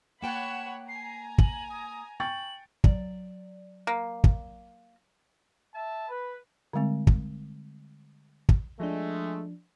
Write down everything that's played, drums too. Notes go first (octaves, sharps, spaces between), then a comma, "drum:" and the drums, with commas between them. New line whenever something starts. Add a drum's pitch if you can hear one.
A#3 C#5 F#5 G5 A5 B5 E7
G#5 A#5 C7
F#7, drum: kick
D#6
G5 C#6 A6 F#7
F#3 D5, drum: kick
A#3
drum: kick
E5 A5
B4
D3 G3 G#3 C4
drum: kick
drum: kick
F3 G#3 A3 D4